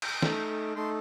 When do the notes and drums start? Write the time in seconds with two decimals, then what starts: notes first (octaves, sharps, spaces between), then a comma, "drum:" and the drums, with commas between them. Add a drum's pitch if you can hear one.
0.02 drum: cymbal
0.22 A3 D#4 A4 A#5, drum: snare
0.76 A3 D#4 A4 C6